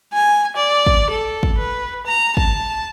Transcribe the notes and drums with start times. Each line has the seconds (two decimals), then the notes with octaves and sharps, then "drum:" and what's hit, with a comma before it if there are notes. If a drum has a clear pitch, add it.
0.14 G#5
0.56 D5
0.87 drum: kick
1.11 A4
1.43 drum: kick
1.58 B4
2.06 A#5
2.37 A5, drum: kick